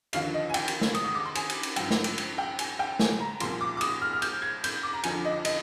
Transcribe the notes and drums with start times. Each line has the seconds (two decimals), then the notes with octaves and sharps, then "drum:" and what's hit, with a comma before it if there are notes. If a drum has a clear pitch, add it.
0.13 D#2 D3 F3 F5, drum: cymbal
0.34 D#5
0.50 G#5
0.54 G5, drum: cymbal
0.68 drum: cymbal
0.81 drum: snare
0.94 D#6, drum: cymbal
1.05 D#6
1.15 D6
1.25 C6
1.35 G#5, drum: cymbal
1.50 drum: cymbal
1.63 drum: cymbal
1.76 G2 F3 G5, drum: cymbal
1.90 drum: snare
2.04 drum: cymbal
2.18 drum: cymbal
2.38 G5
2.59 G#5, drum: cymbal
2.79 G5
2.99 G#5, drum: snare
3.20 A#5
3.40 C2 A#2 F3 C6, drum: cymbal
3.61 D6
3.77 D6
3.81 D#6, drum: cymbal
4.02 F6
4.13 F6
4.22 G6, drum: cymbal
4.42 G#6
4.64 G6, drum: cymbal
4.83 D6
4.93 A#5
5.03 F2 D3 F3 G#5, drum: cymbal
5.25 D#5
5.45 D#5, drum: cymbal